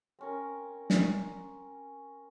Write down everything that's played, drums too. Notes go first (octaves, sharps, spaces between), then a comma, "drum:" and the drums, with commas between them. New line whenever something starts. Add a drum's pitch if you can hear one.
C4 C#4 A#4
drum: snare